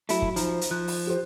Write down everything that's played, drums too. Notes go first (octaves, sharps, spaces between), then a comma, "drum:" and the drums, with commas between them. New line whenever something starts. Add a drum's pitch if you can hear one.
F#3 A3 E4, drum: hi-hat
drum: kick
F3 D#4 C5 A#5, drum: hi-hat
drum: hi-hat
F3 F#6
drum: open hi-hat
G4 C5